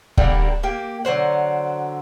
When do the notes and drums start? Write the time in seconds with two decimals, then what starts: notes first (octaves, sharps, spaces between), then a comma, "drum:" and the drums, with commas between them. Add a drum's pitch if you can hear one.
0.18 D3 G3 A#3 G4, drum: kick
0.63 A#3 G4
1.05 D3 F#3 C5 F#5